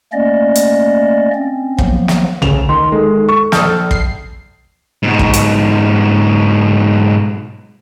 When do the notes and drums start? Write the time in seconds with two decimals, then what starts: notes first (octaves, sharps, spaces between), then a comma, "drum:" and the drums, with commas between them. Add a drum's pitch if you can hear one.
0.13 A3 A#3 C#4 D5 D#5
0.55 drum: hi-hat
1.34 C4 C#4
1.78 F3 F#3 A#3 B3, drum: kick
2.08 drum: snare
2.42 D2 C#3 E7 F7, drum: tom A#1
2.69 D#3 C6
2.92 G#3 A4
3.29 C#6
3.52 A#1 A4 D#6 F6 G6, drum: snare
3.91 C7, drum: kick
5.03 G#2 B2
5.19 drum: kick
5.33 drum: hi-hat